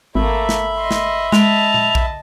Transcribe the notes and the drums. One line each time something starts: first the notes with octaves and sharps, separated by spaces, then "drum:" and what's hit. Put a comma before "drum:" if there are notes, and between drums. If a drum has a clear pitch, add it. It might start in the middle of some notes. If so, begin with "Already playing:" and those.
G#1 A3 A#3 E5 B5
drum: snare
D#5 C6
drum: snare
G#3 D#5 A5 F7, drum: snare
drum: tom A#2
drum: kick